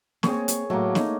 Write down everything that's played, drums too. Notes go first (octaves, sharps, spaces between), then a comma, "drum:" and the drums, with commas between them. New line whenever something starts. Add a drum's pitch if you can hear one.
A#3 C4 G#4 C#5, drum: snare
drum: hi-hat
A2 F#3 A3 A#3
D#4, drum: snare